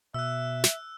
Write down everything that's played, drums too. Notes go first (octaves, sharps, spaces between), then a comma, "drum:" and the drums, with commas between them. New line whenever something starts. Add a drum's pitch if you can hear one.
B2 E5 E6 F#6
drum: snare